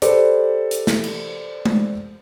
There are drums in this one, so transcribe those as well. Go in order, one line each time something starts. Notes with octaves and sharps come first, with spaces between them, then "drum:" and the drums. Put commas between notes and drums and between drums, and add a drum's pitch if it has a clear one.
G4 A4 B4 C5 D5, drum: hi-hat
drum: hi-hat
drum: snare
drum: cymbal
drum: tom G#3